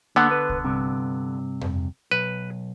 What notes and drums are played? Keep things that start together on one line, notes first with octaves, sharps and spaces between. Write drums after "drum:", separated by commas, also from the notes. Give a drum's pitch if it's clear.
D3 A#3 B3 D4 F#5
B4
drum: kick
G2 C3
drum: tom F2
B1 B4